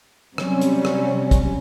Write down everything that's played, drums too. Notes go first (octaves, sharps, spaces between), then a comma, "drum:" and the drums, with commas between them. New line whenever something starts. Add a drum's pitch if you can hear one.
C3 F#3 G3 C#4, drum: rim click
drum: hi-hat
drum: rim click
drum: kick, hi-hat